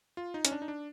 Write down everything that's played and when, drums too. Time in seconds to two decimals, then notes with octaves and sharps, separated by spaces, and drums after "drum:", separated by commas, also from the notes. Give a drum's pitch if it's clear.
0.17 F4
0.34 D#4
0.45 C#4, drum: hi-hat
0.52 D4
0.62 D#4
0.68 D4